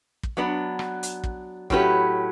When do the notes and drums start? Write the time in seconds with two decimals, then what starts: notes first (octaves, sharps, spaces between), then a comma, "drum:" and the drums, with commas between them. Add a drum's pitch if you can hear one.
0.23 drum: kick
0.37 F#3 B3 D4
0.79 drum: rim click
1.03 drum: hi-hat
1.24 drum: kick
1.70 A2 F#3 C#4 G4 B4, drum: kick